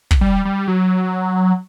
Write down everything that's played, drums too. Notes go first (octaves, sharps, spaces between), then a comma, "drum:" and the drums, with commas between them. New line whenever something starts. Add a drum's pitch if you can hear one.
drum: kick
G3
G3
F#3